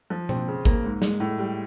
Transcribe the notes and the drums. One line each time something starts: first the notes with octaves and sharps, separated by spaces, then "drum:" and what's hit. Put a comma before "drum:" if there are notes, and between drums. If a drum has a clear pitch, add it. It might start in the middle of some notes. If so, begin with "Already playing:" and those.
F3
C4, drum: tom B2
C#3
A#3, drum: kick
G#2
G#3, drum: snare
A2
G3